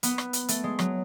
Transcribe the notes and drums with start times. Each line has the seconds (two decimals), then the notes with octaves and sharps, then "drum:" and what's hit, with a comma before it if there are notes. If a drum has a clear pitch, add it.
0.03 B3, drum: hi-hat
0.18 drum: rim click
0.33 drum: hi-hat
0.48 A3, drum: hi-hat
0.64 G#3
0.79 F#3, drum: rim click